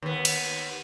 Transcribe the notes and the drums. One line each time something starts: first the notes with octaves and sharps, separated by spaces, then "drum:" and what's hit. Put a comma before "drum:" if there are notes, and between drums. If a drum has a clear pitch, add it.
D#2 B3
drum: cymbal